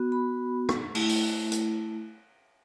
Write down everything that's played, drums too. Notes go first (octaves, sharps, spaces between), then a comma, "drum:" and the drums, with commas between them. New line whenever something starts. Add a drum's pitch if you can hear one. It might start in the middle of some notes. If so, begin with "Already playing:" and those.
Already playing: B3 F#4
B5
drum: rim click
A3 E4, drum: cymbal
drum: open hi-hat
drum: hi-hat